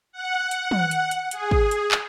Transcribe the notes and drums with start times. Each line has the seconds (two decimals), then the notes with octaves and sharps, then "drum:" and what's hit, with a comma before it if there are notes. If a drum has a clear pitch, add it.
0.12 F#5
0.51 drum: hi-hat
0.71 drum: tom
0.91 drum: hi-hat
1.11 drum: hi-hat
1.31 G#4, drum: hi-hat
1.51 drum: kick
1.71 drum: hi-hat
1.91 drum: clap